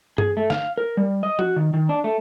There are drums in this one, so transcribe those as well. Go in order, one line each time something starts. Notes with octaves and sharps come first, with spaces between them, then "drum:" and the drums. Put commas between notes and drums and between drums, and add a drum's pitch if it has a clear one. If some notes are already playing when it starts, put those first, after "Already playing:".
G#4, drum: tom G2
A3
F5, drum: snare
A#4
G3
D#5
F#4, drum: tom F3
D#3
D#3
D4
A3